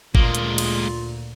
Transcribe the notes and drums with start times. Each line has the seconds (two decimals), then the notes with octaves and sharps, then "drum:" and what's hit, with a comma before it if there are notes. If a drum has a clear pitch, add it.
0.15 D2 A#2 G#3 A#3 F4, drum: kick G#1
0.35 drum: hi-hat
0.58 drum: cymbal